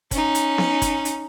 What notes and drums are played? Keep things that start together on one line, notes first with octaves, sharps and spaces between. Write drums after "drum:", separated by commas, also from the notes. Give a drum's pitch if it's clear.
C#4 D#4, drum: kick, hi-hat
drum: hi-hat
drum: snare B3
drum: kick, hi-hat
drum: hi-hat